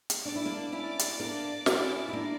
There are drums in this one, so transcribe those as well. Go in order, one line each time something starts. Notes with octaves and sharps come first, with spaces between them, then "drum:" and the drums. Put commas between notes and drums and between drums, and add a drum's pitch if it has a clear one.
drum: hi-hat
D4 D5
E4
A#3 D4
C#4 E4
drum: hi-hat
A#3 D4
C#4 E4, drum: snare
E4
A#3 D4